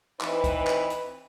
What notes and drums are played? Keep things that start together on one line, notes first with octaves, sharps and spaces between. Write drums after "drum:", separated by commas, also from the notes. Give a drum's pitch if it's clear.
E3 C4 D#4 B4, drum: clap
drum: kick, hi-hat
drum: clap
drum: hi-hat